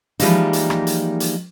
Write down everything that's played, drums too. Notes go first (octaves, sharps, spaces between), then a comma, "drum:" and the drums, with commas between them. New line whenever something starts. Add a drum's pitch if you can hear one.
E3 F3 G3 G#3 A#3 D#4, drum: hi-hat
drum: hi-hat
drum: rim click
drum: hi-hat
drum: hi-hat